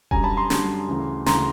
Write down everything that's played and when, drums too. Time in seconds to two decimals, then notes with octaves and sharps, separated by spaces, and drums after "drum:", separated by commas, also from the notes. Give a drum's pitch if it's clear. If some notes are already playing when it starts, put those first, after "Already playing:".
0.11 F#2 D3 G3 G#5 A#5, drum: kick E1
0.24 A5 B5
0.37 A#5 C6
0.50 F#2 D3 G3, drum: snare
0.88 D2 C#3 E3
1.26 D2 C#3 E3 A#5 C6, drum: snare